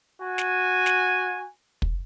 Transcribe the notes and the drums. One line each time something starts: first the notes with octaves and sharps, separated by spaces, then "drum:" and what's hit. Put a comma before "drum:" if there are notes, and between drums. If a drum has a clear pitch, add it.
F#4 G#5
drum: snare
drum: snare
drum: kick